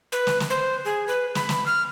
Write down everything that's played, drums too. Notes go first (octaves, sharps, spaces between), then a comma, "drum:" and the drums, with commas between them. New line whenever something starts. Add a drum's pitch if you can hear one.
B4
drum: snare
drum: snare
C5
G#4
B4
B5, drum: snare
drum: snare
F6